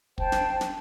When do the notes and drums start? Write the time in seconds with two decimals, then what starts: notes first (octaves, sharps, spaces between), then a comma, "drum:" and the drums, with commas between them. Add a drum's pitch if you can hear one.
0.18 C5 G5 A5, drum: kick
0.32 drum: snare
0.61 drum: snare